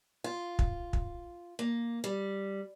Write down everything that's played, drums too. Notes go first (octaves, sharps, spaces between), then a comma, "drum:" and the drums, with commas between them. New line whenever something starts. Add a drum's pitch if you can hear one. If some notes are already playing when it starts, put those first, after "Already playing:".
F4
drum: kick
drum: kick
A#3
G3